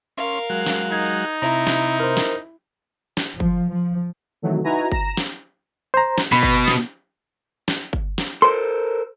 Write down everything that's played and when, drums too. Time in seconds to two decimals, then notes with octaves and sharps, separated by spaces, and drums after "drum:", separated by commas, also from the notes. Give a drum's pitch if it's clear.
0.17 C#4 A#4 F5 C6
0.50 F#3 G#3 F#4
0.66 drum: snare
0.92 D#4 G#6
1.42 C3 E4 A#5
1.67 drum: snare
2.00 A#4 C5
2.17 drum: snare
3.17 drum: snare
3.40 F3, drum: kick G1
3.72 F3
4.42 C3 D#3 E3 F#3 A3
4.64 D#4 E4 F#4 B4 G#5 A#5
4.92 A#5 A#6 E7, drum: kick G1
5.17 drum: snare
5.94 C5 A#5
6.18 drum: snare
6.32 B2 B5
6.43 drum: kick G1
6.68 drum: snare
7.68 drum: snare
7.93 drum: kick G1
8.18 drum: snare
8.42 A4 A#4 C5 C6